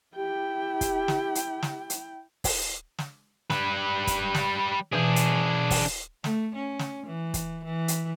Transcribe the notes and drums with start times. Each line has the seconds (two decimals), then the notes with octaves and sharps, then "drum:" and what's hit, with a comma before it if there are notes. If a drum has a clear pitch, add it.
0.16 E4 G4 G5
0.81 drum: kick, hi-hat
1.08 drum: snare
1.35 drum: hi-hat
1.63 drum: snare
1.90 drum: hi-hat
2.44 drum: kick, open hi-hat
2.99 drum: snare
3.50 G3 B4, drum: snare
4.07 drum: kick, hi-hat
4.35 drum: snare
4.93 B2 E3 D4 G#4
5.16 drum: hi-hat
5.71 drum: kick, open hi-hat
6.24 A3, drum: snare
6.55 C#4
6.79 drum: snare
7.07 E3
7.34 drum: kick, hi-hat
7.64 E3
7.88 drum: hi-hat